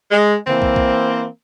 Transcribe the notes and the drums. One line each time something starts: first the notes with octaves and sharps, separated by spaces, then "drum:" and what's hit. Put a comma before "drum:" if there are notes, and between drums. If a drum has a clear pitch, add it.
G#3
E3 A#3 C4, drum: tom C#3
drum: kick
drum: kick